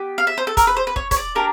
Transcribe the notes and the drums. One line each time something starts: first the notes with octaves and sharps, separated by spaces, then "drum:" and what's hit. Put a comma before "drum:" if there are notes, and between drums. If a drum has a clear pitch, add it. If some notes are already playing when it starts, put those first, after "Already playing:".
Already playing: B3 G4
F5
E5
C5
A4
A#4, drum: kick, hi-hat
B4
C5
B4
C#5, drum: kick
C#5, drum: kick, hi-hat
D5
A#3 D4 G4 A#4